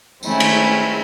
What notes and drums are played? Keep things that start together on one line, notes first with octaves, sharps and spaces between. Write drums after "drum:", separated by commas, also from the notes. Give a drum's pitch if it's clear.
D#3 G#3 A3 C4 C#4 E4, drum: tambourine
drum: cymbal